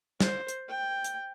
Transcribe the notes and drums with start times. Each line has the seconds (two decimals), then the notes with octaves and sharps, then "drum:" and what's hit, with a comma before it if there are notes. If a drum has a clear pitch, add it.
0.20 C5, drum: snare
0.48 drum: hi-hat
0.68 G5
1.04 drum: hi-hat